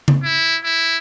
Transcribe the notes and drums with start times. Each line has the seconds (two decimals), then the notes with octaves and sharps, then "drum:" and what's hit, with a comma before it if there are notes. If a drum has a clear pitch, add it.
0.08 drum: tom C#3
0.23 E4
0.64 E4